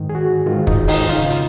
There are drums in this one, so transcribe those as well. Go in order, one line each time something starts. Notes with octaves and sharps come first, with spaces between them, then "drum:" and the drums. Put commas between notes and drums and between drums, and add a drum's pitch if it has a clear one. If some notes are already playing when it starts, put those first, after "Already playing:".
Already playing: G#2 D#3
G#4
F#4
G#2 D#3 F4
D#4, drum: kick
D#4, drum: open hi-hat
F2 C#3 F4
drum: hi-hat